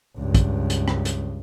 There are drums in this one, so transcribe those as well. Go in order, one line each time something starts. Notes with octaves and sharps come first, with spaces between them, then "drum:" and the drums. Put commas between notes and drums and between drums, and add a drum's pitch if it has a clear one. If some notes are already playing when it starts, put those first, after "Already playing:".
C#2 G2
drum: kick, hi-hat
drum: hi-hat
drum: rim click
drum: hi-hat